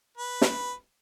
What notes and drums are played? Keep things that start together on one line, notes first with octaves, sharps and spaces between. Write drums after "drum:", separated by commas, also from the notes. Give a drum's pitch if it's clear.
B4
drum: snare